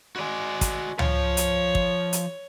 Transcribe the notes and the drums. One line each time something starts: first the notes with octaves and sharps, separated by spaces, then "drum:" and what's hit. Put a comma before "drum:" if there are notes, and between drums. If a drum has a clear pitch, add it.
G#3 F#4 D5
drum: kick, hi-hat
F3 C#5, drum: tom C#2
drum: hi-hat
drum: kick
drum: hi-hat